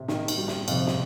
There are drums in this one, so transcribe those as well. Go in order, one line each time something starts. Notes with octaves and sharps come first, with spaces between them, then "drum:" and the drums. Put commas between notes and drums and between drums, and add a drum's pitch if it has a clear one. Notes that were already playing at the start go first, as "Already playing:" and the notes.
Already playing: C3
D#3, drum: snare
drum: cymbal
G3
drum: snare
F2 C3, drum: cymbal
drum: snare